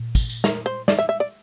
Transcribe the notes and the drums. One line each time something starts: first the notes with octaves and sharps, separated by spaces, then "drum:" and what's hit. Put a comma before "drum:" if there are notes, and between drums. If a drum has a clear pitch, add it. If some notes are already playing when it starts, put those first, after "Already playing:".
Already playing: A#2
drum: kick, tambourine
drum: tambourine
A#4, drum: snare
C5
D5, drum: snare
E5
E5
D5